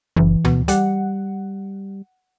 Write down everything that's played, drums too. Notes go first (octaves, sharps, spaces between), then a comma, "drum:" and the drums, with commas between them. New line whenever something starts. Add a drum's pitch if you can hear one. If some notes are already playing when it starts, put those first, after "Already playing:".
F#1 E3
B2, drum: tom D2
G3 F#5, drum: hi-hat